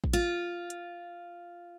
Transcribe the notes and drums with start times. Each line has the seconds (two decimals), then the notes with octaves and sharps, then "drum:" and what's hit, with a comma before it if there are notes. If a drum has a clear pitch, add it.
0.04 drum: kick
0.13 F4
0.70 drum: hi-hat